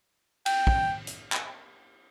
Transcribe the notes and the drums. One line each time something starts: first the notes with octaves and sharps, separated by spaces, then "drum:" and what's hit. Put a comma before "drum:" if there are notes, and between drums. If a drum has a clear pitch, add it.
G5, drum: cymbal
drum: kick
drum: hi-hat
drum: clap